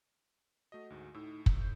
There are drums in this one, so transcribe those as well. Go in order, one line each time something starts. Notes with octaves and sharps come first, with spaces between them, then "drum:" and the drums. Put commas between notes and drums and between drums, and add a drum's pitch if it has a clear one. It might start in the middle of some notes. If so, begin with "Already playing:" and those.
A3 F#4 D#5
D2 G#2
A2 D#4 E6
drum: kick
G6